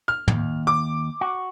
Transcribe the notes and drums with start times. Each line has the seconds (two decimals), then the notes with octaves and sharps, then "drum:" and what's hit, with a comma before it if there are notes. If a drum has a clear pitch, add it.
0.08 F6
0.28 D#2 G#2, drum: tom
0.67 D6
1.21 F#4